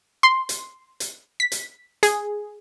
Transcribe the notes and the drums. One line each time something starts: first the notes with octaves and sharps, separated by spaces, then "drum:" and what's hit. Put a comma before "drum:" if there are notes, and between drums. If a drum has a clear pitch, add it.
C6
drum: hi-hat
drum: hi-hat
B6
drum: hi-hat
G#4, drum: hi-hat